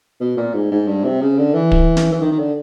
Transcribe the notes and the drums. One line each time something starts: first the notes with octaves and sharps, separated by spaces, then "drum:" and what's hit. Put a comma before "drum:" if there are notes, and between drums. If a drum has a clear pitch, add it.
B2
A#2
G#2
G#2
G2
C3
C#3
D3
E3
drum: kick
drum: snare
E3
D#3
D#3
D3